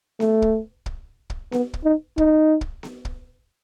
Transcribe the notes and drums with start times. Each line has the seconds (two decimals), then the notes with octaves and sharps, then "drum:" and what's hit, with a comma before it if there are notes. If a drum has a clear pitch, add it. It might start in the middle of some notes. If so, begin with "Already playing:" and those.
0.20 A3, drum: snare B3
0.42 drum: kick
0.86 drum: kick
1.30 drum: kick
1.52 B3, drum: snare B3
1.73 drum: kick
1.85 D#4
2.18 D#4, drum: kick
2.61 drum: kick
2.83 drum: snare B3
3.05 drum: kick